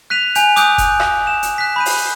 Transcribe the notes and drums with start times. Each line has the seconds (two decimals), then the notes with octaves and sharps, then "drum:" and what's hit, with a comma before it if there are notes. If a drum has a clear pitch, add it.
0.10 F#6 B6 D#7 F7
0.35 G#5 G6 F7, drum: hi-hat
0.56 D6 D#6 F#6 G6 D7, drum: hi-hat
0.78 drum: kick F#1, hi-hat
1.00 drum: rim click
1.27 E7
1.43 drum: hi-hat
1.58 F#6 B6
1.76 B5 G6 D#7
1.86 drum: open hi-hat